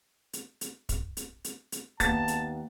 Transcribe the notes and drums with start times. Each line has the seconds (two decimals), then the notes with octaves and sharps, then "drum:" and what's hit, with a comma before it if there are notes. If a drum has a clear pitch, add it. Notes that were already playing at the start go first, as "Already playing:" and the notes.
0.33 drum: hi-hat
0.61 drum: hi-hat
0.89 drum: kick, hi-hat
1.17 drum: hi-hat
1.44 drum: hi-hat
1.72 drum: hi-hat
2.00 D#2 B3 A5 A6, drum: kick, hi-hat
2.28 drum: hi-hat